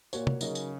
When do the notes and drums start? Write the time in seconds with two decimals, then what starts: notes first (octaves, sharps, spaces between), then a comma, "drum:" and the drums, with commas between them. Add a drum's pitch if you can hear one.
0.13 A#2 A#3 F#4 C#5, drum: tambourine
0.27 drum: tom
0.41 C#3 F#3 D#4 A#4 D#5, drum: tambourine
0.55 drum: tambourine